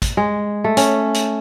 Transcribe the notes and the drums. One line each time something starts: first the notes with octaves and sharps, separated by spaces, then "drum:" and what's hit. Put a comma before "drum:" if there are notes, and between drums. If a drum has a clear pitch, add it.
drum: kick G#1, hi-hat
G#3
A3
C#4, drum: hi-hat
drum: hi-hat